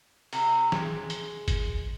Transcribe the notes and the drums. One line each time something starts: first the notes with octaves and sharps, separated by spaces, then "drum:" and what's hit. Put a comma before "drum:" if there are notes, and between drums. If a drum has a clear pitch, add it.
C3, drum: open hi-hat
G#3, drum: snare E3
drum: hi-hat
drum: kick G#1, hi-hat